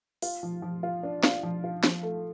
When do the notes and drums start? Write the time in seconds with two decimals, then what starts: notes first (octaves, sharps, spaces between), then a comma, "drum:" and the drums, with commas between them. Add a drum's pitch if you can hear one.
0.22 F4, drum: open hi-hat
0.43 F3
0.62 F3
0.83 F4
1.03 D4
1.23 F4, drum: snare
1.43 F3
1.64 F4
1.84 F3, drum: snare
2.03 A3